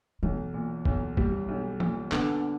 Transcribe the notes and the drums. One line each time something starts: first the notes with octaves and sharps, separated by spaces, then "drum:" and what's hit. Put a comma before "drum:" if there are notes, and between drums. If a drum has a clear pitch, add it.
B1 E3
A#2
B1, drum: kick
G3, drum: kick
B1
A#2, drum: tom E3
D3 B3, drum: clap